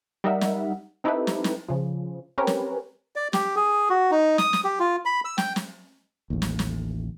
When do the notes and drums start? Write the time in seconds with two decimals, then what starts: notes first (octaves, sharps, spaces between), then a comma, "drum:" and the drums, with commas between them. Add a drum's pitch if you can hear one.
0.24 G3 D#4 A#4 E5 F#5
0.41 drum: snare
1.04 C4 D#4 E4 G4 A4 B4
1.27 drum: snare
1.44 drum: snare
1.68 C#3 F3
2.38 C4 C#4 G4 A#4 B4 C#5
2.47 drum: snare
3.16 D5
3.33 G4, drum: snare
3.56 G#4
3.89 F#4
4.11 D#4
4.38 D#6, drum: snare
4.53 drum: snare
4.64 G4
4.80 F4
5.05 B5
5.25 E6
5.38 G5, drum: snare
5.56 drum: snare
6.30 A1 D#2
6.42 drum: snare
6.59 drum: snare